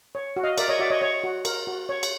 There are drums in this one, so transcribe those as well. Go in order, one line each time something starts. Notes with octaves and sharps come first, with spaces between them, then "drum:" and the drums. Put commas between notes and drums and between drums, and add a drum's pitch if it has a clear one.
C#5
F#4
D#5 F5
A#4 D5 E5, drum: cymbal
C#5 D#5
F#4 D5 E5
C#5 D#5
C#5 D#5
F#4
A#4, drum: cymbal
F#4
C#5
drum: cymbal